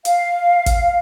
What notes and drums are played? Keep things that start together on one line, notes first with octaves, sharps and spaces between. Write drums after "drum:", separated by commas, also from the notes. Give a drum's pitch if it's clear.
F5, drum: hi-hat
drum: kick, hi-hat